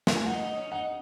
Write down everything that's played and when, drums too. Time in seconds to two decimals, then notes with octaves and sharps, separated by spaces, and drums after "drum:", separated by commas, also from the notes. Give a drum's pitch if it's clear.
0.07 drum: snare
0.16 G#5
0.26 D#4 F#5
0.42 D#4
0.57 C#4
0.72 D#4 F#5